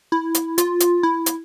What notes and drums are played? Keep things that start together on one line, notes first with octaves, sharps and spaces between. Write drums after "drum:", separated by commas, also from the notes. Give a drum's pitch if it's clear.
E4
drum: hi-hat
F4, drum: hi-hat
drum: hi-hat
E4
drum: hi-hat